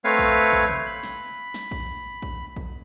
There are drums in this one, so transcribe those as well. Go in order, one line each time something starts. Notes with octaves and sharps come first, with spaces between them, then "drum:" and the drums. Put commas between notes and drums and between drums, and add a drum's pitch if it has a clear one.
A3 C4 B4 C#5 F5
drum: kick A#1
drum: kick A#1
drum: tom B2
B5
drum: snare
drum: snare
drum: kick A#1
drum: kick A#1
drum: kick A#1